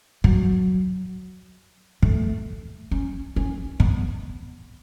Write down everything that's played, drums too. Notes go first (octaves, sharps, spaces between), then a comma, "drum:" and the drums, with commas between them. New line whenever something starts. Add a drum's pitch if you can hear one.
F#3, drum: kick
A3, drum: kick
C#4
C#4
B3, drum: kick